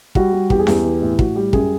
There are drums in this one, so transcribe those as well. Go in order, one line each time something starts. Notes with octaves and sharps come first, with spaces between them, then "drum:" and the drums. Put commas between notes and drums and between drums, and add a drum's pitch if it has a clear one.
G3 F#4, drum: kick
G3
E2 G4, drum: kick
G#4
E2 G4, drum: snare C#4
E3
A2
A2 F#4, drum: kick
G3 G4
F#2 G#4, drum: kick